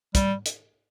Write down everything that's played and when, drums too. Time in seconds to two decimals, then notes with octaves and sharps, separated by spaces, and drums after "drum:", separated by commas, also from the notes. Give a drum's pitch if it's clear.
0.15 G3, drum: kick, hi-hat
0.46 drum: hi-hat